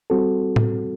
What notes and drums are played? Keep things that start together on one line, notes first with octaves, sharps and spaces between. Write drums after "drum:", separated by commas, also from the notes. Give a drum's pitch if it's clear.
G3 C4 F#4 A4
drum: tom A2